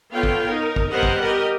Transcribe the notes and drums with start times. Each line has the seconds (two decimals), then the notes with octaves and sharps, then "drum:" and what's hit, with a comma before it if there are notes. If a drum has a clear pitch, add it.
0.13 B3 F4 A4 C#5 F5 G5
0.23 drum: kick
0.46 D#4 A#4
0.76 drum: kick
0.90 G3 B3 A#4 C5 D#5 F#5
1.03 drum: kick
1.21 G4 A#4 D#5